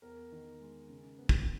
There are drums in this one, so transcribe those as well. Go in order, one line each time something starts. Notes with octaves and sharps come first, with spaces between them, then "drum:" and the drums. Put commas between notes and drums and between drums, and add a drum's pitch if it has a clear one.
E2 A#4
D#3
G#3
C#3
B3
drum: kick